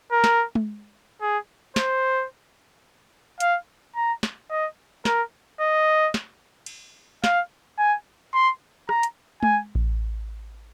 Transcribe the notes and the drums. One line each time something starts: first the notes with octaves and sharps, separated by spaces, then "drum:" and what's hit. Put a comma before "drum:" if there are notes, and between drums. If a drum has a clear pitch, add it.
A#4
drum: snare
drum: tom G#3
G#4
C5, drum: snare
F5, drum: hi-hat
A#5
drum: snare
D#5
A#4, drum: snare
D#5
drum: snare
drum: cymbal
F5, drum: snare
G#5
C6
A#5, drum: rim click
drum: hi-hat
G#5, drum: tom G#3
drum: kick A1